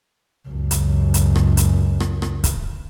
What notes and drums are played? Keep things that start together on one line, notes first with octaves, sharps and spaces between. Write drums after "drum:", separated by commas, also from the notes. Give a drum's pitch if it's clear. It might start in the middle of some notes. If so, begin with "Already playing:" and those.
C#2 F#2
drum: hi-hat
drum: hi-hat
drum: rim click
drum: hi-hat
drum: rim click
drum: rim click
drum: kick, hi-hat